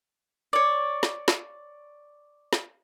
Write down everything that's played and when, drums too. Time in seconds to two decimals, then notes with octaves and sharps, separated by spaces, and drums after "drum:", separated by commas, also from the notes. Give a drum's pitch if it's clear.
0.53 C#5 D5
1.03 drum: snare
1.28 drum: snare
2.53 drum: snare